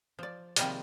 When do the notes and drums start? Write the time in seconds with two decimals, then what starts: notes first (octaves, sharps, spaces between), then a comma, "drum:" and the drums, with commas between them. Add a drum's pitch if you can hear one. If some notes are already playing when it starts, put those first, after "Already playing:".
0.19 F3 D5
0.56 C3 D#3 F3 G3 G#3 A#3, drum: hi-hat